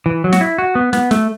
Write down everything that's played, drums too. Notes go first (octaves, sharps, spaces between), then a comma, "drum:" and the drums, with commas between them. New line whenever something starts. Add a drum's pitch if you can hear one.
E3
F#3
F#4, drum: snare
E4
F#4
B3
B3, drum: snare
A3, drum: snare